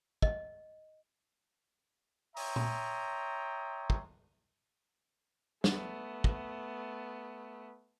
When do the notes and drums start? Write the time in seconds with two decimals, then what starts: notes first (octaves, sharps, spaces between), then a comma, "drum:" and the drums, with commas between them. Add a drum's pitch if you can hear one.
0.22 D#5, drum: kick
2.37 C#5 E5 G5 A#5 C6 D#6, drum: open hi-hat
2.56 drum: tom A#2
3.90 drum: kick
5.64 A3 B3, drum: snare
6.24 drum: kick